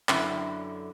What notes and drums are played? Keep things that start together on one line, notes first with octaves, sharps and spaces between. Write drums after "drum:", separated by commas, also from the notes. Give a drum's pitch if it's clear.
F#2 D3 E4, drum: clap